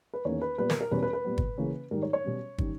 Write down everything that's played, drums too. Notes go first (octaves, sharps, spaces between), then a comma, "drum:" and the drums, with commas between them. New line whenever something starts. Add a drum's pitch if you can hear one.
B4
E2 D#3 A#3 C#4 C#5
B4
A#2 G3 B3 B4
A#4, drum: snare
A#4
E2 B2 G3 C#4 B4
B4
B4
A#2 G3 B3
drum: kick
C#3 E3 A#3 C#4
G#2 D#3 G3 A#4
C#5
C#5
B2 G3 C#4
D#3 G3 C#4, drum: kick